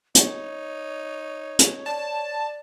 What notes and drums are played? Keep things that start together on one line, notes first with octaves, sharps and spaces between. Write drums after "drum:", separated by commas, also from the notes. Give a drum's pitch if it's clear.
D#4 C#5, drum: hi-hat
drum: hi-hat
D5 A5